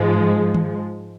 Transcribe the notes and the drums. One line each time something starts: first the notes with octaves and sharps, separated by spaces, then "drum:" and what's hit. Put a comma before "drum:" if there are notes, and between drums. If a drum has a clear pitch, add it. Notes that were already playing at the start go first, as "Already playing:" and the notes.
Already playing: G#2 F3 G#3
drum: tom D#3